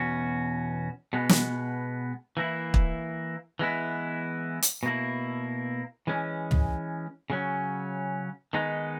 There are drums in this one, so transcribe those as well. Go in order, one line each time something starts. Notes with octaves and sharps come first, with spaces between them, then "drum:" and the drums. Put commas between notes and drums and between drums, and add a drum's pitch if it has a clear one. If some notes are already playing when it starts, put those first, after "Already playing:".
Already playing: E2 B2 C#4 F#4
B2 G#3 B3
drum: snare
E3 A#3 E4
drum: kick
E3 G#3 B3 E4
drum: hi-hat
B2 A#3 E4
E3 G#3 C#4
drum: tom
C#3 F#3 C#4
D#3 G#3 B3 D#4